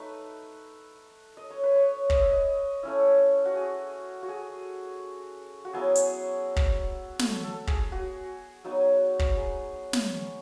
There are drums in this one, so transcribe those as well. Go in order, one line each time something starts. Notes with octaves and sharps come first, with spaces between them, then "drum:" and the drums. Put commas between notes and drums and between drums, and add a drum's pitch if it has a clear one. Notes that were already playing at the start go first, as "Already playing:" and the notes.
Already playing: A3 D#4 B4
D#5
C#5
B4
C#5
D#5, drum: kick
E5
D#5
A3 C#4 E4
F#4
G#4
F#4
G#4
F#4
F#3 B3 E4 G#4
drum: hi-hat
drum: kick
A4, drum: snare
A4
G#4, drum: kick
F#4
F#3 B3 D#4
drum: kick
G#4
drum: snare